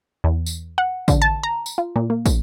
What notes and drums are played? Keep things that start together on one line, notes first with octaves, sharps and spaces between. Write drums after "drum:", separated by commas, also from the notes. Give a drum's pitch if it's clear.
E2
drum: tambourine
F#5
D3, drum: kick, tambourine
A5
A#5
drum: tambourine
F4
A#2
A#3
drum: kick, tambourine